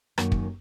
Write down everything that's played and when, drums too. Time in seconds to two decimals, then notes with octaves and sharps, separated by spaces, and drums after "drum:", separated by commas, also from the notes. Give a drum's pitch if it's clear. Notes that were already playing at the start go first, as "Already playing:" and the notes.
0.18 F#2 D#3 A#3 C#4 F#4, drum: rim click
0.32 drum: kick